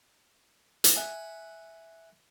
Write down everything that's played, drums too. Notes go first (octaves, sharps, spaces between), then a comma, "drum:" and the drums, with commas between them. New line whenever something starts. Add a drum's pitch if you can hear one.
drum: hi-hat
E5 F#5 G#5